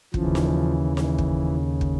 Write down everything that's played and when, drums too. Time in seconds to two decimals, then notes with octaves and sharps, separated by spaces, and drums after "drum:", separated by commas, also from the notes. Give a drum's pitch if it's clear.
0.14 D#2 C#3 E3 F3, drum: kick
0.35 drum: snare
0.97 E3, drum: snare
1.18 drum: kick
1.81 drum: kick